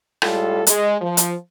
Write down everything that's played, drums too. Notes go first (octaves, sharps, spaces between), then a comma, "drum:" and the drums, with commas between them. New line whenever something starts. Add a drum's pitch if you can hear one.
A2 G3 G#3 F4 A4, drum: rim click
G#3, drum: hi-hat
F3
drum: hi-hat